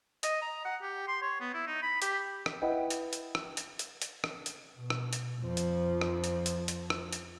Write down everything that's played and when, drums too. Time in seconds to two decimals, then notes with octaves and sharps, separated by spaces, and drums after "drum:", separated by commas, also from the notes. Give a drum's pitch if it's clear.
0.23 D#5, drum: hi-hat
0.42 A#5
0.65 F#5
0.82 G4
1.08 C6
1.22 C#5
1.41 B3
1.54 E4
1.67 D#4
1.83 B5
2.02 G4, drum: hi-hat
2.46 drum: rim click
2.62 E4 B4 D#5 F#5 G5
2.90 drum: hi-hat
3.13 drum: hi-hat
3.35 drum: rim click
3.57 drum: hi-hat
3.79 drum: hi-hat
4.02 drum: hi-hat
4.24 drum: rim click
4.46 drum: hi-hat
4.77 B2
4.90 drum: rim click
5.13 drum: hi-hat
5.44 F2 F3
5.57 drum: hi-hat
6.01 drum: rim click
6.24 drum: hi-hat
6.46 drum: hi-hat
6.68 drum: hi-hat
6.90 drum: rim click
7.13 drum: hi-hat